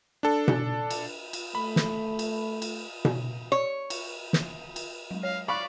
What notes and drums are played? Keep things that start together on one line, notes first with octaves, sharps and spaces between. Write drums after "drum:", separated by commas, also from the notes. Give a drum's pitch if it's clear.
D4 A4
drum: tom B2
drum: cymbal
drum: cymbal
A3 B5
drum: snare
drum: cymbal
drum: cymbal
drum: tom B2
C#5
drum: cymbal
drum: snare
drum: cymbal
F#3 G#3
C#5 F5
D5 F5 B5 C#6 F#6 B6